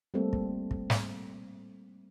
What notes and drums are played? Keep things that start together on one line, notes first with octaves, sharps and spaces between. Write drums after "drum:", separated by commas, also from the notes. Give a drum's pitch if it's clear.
G3 A3 A#3 C4 A4
drum: kick
drum: kick
drum: snare